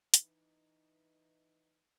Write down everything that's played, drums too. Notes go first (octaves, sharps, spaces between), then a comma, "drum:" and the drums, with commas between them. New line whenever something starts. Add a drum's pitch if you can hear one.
E3 D#4, drum: hi-hat